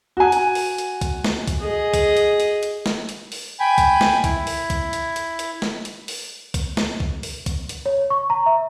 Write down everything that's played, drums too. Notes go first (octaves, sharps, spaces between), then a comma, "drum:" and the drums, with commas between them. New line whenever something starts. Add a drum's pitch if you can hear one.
F#4 G#5
drum: hi-hat
drum: open hi-hat
drum: hi-hat
drum: kick, hi-hat
drum: snare
drum: kick, hi-hat
G#4 D#5
drum: kick, hi-hat
drum: hi-hat
drum: hi-hat
drum: hi-hat
drum: snare
drum: hi-hat
drum: open hi-hat
G5 G#5 B5
drum: kick, hi-hat
drum: snare
E4, drum: kick, hi-hat
drum: open hi-hat
drum: kick, hi-hat
drum: hi-hat
drum: hi-hat
drum: hi-hat
drum: snare
drum: hi-hat
drum: open hi-hat
drum: kick, hi-hat
drum: snare
drum: kick
drum: open hi-hat
drum: kick, hi-hat
drum: hi-hat
C#5
C#6
A#5
E5